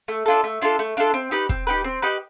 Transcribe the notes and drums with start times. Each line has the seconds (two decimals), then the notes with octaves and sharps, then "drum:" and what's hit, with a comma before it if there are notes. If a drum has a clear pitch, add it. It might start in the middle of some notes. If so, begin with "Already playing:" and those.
0.08 A3
0.26 D4 F4 A4
0.44 A3
0.62 D4 F4 A4
0.79 A3
0.97 D4 F4 A4
1.14 C4
1.31 D#4 G4 B4
1.49 C4, drum: kick
1.67 D#4 G4 B4
1.84 C4
2.02 D#4 G4 B4